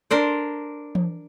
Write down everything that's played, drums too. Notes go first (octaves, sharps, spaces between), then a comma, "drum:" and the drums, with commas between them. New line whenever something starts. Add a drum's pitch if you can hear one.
D4 A#4 C5 D5
drum: tom E3